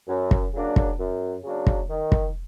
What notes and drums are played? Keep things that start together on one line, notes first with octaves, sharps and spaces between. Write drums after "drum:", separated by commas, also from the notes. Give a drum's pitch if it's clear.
F#2
drum: kick
C#3 F#3 A#3 D4
drum: kick
F#2
C#3 F#3 A#3 D4
drum: kick
D#3
drum: kick